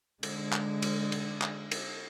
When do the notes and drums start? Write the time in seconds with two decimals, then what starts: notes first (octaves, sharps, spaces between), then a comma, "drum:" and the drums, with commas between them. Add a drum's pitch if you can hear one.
0.23 D3 G#3, drum: cymbal
0.53 drum: clap
0.82 drum: cymbal
1.12 drum: cymbal
1.42 drum: clap
1.71 drum: cymbal